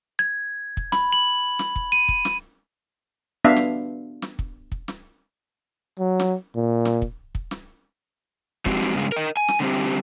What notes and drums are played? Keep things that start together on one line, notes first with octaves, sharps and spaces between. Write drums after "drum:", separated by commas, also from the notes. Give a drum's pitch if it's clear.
G#6
drum: kick
B5, drum: snare
F#7
drum: snare
drum: kick
D#7
drum: kick
drum: snare
B3 D4 E5 F5
drum: snare
drum: snare
drum: kick
drum: kick
drum: snare
F#3
drum: snare
A#2
drum: snare
drum: kick
drum: kick
drum: snare
F3 G#3 C4 F#4 G4, drum: kick
drum: snare
G2 C#3 G#3
A#4 D#5
G#5
drum: snare
D3 G3 C4 G4